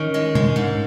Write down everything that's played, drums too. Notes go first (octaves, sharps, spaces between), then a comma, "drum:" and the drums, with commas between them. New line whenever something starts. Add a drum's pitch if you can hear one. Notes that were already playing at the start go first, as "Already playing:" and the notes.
Already playing: D#3 C#4
G#3
G#3, drum: tom C3
G#2